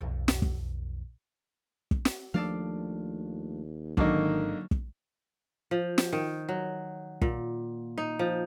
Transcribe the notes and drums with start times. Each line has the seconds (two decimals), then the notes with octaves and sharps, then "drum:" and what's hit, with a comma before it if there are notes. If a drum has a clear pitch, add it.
0.01 B1 F2
0.28 drum: snare
0.42 drum: kick
1.91 drum: kick
2.05 drum: snare
2.34 D#2 F3 A3 D4 A4 D5 F5
3.97 G#1 D3 D#3 F#3 A#3 D#4, drum: kick
4.71 drum: kick
5.71 F3
5.98 drum: snare
6.13 D#3
6.49 F#3
7.22 A#2, drum: kick
7.98 D#4
8.19 F3